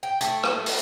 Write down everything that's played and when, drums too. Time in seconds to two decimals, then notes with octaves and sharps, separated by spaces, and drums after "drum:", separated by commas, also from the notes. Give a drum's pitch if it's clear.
0.03 G5
0.21 A3, drum: hi-hat
0.43 drum: rim click
0.66 drum: open hi-hat